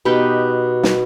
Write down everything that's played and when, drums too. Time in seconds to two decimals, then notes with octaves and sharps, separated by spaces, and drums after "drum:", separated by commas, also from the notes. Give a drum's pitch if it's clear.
0.05 B2 D#4 G4 B4
0.83 drum: snare